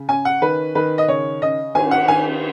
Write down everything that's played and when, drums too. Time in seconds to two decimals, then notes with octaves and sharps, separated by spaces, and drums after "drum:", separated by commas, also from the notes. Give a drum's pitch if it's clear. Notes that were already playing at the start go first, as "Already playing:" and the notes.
Already playing: C#3
0.09 C#4 G#5
0.25 F#5
0.42 D#3 B4
0.75 D#3 B4
0.98 D#5
1.08 C#3 C#5
1.42 C#4 D#5
1.75 D#3 G#5, drum: cymbal
1.91 F#5
2.08 D#3 G#5